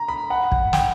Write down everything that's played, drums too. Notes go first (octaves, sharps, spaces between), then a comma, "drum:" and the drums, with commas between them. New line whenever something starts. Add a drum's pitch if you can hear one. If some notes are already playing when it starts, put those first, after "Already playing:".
Already playing: A#5
B5
F#5
drum: kick
G5, drum: snare